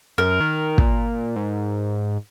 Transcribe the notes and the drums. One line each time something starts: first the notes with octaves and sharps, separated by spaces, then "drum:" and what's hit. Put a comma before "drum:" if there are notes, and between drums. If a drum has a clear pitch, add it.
F#2 A#4
D#3
A#2, drum: kick
G#2